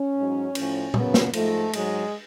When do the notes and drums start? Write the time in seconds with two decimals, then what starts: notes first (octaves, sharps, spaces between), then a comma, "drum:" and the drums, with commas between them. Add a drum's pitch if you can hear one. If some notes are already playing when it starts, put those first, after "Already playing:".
Already playing: C#4
0.16 G#2 F#3
0.55 A2 F3, drum: cymbal
0.94 F#2 C#3 F#3 B3, drum: tom
1.14 drum: snare
1.33 G#2 F3 A3, drum: cymbal
1.73 G#2 F#3 G#3, drum: cymbal